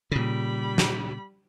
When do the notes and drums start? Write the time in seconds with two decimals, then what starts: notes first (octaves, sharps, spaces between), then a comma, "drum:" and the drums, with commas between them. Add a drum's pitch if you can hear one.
0.12 A#2 C#3 G3 B5
0.78 drum: snare